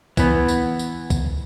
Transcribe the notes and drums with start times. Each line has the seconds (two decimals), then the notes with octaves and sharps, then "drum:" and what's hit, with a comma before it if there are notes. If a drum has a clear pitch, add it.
0.17 E3 B3, drum: kick B1, tambourine
0.48 drum: tambourine
0.79 drum: tambourine
1.10 drum: kick B1, tambourine